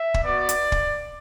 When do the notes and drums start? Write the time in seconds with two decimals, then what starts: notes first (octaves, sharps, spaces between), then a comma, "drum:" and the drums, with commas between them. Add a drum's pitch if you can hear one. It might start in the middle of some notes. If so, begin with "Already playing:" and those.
Already playing: E5
0.14 drum: kick
0.24 B3 F#4 D5
0.49 drum: hi-hat
0.72 drum: kick